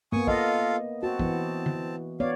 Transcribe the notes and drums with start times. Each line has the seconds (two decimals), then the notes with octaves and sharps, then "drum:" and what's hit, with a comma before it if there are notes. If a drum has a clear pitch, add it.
0.12 A#3 B3 G#5 C#6 D#6, drum: tom
0.27 F4 A4 D#5 F5, drum: kick
1.03 C4 F#4 A5
1.19 E3 B3, drum: kick
1.66 drum: tom
2.20 B3 C#5 D5 F5